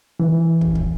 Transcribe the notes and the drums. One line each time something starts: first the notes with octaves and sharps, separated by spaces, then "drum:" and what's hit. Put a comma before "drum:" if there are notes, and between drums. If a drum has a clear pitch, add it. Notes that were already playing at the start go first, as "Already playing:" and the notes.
E3
drum: kick
drum: kick